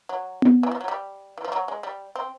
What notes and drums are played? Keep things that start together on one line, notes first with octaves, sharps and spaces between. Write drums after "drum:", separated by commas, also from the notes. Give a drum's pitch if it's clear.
F#3
drum: tom B3
E3
F3
F#3
G3
E3
F3
F#3
G#3
G3
C4